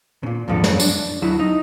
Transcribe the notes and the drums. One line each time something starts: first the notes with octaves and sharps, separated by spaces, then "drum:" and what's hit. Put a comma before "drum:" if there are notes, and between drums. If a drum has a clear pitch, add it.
A#2 C#3
D#2 G#2 F3 D4 A4
F#2 C#5, drum: snare
D4, drum: tambourine
D2 F#3 E4 F#4
D#4